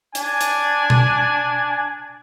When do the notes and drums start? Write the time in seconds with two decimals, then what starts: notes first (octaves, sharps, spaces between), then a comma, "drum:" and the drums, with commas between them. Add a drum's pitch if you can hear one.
0.15 D4 G#5, drum: hi-hat
0.41 drum: hi-hat
0.90 drum: tom B2